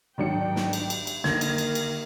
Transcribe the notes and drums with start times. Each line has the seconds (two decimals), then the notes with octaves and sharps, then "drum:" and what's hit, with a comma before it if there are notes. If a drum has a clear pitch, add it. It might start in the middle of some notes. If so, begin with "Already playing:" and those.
0.18 G#2 D#3 F#3 D4 G5 C#7
0.56 drum: snare
0.73 drum: cymbal
0.90 drum: cymbal
1.07 drum: cymbal
1.24 D3 D#3 A#3 G#6 A#6, drum: snare
1.41 drum: cymbal
1.58 drum: cymbal
1.75 drum: cymbal